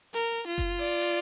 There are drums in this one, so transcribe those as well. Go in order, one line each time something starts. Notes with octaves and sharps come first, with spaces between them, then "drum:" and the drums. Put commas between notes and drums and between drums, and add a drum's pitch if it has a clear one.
A#4, drum: hi-hat
F4
drum: kick F#1, hi-hat
D5
drum: hi-hat